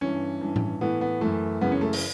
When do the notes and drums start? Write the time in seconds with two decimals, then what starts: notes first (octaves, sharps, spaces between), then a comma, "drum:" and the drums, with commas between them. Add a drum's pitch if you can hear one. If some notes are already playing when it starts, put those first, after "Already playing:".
0.01 G2 E3 C#4
0.41 G2 E3
0.56 drum: tom A2
0.81 A2 E3 B3
1.01 B3
1.21 F#2 E3 A3
1.61 F#2 C#3 E3 B3
1.72 C#4
1.81 A3
1.93 drum: open hi-hat